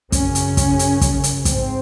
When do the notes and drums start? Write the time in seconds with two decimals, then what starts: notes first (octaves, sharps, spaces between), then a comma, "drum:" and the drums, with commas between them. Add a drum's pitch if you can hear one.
0.12 F#2 C#3 C#4, drum: kick, hi-hat
0.35 drum: hi-hat
0.57 drum: kick, hi-hat
0.79 drum: hi-hat
1.01 drum: kick, hi-hat
1.24 drum: hi-hat
1.45 G#2 C4, drum: kick, hi-hat